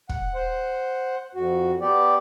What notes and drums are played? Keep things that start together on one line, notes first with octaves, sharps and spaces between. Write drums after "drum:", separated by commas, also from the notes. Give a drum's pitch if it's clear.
F#5, drum: kick
C5 F#5
F2 F#4
B3 G4 D5